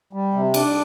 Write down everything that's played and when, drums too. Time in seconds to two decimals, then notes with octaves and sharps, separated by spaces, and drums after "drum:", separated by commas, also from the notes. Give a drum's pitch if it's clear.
0.13 G3
0.34 C3
0.54 D4, drum: cymbal